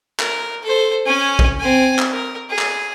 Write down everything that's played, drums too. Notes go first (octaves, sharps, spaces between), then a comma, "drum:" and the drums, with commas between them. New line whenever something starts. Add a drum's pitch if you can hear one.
A#4, drum: clap
A4 C5
C#4 G#5
drum: kick
C4 G#5
drum: clap
A#4
G#4
drum: clap